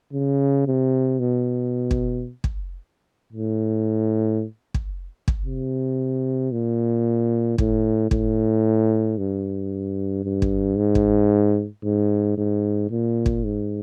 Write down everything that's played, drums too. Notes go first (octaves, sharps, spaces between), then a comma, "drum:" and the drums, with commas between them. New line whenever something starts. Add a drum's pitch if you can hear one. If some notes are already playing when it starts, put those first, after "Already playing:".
C#3
C3
B2
drum: kick
drum: kick
A2
drum: kick
drum: kick
C3
A#2
A2, drum: kick
A2, drum: kick
G2
G2
drum: kick
G#2
drum: kick
G#2
G#2
A#2
drum: kick
G#2